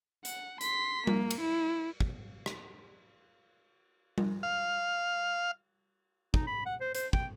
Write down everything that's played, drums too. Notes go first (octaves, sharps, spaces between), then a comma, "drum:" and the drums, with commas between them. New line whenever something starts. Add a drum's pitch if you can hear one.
F#5, drum: hi-hat
C6 B6, drum: hi-hat
A#3, drum: tom G3
drum: cymbal
E4
drum: kick
drum: rim click
drum: tom G3
F5
D#4, drum: kick
B5
F#5
C5
C5, drum: hi-hat
G5, drum: kick